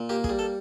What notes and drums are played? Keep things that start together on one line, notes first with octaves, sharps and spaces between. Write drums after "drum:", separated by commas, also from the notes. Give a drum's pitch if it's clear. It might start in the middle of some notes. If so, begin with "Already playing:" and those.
Already playing: A#2
A#3 G4
G#4, drum: kick
G3
A4